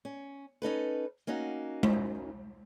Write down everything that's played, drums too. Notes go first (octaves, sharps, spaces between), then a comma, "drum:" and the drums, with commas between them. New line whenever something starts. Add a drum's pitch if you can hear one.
C#4
C#4 D#4 A4 B4
A#3 C#4 D#4 F#4
drum: tom G#3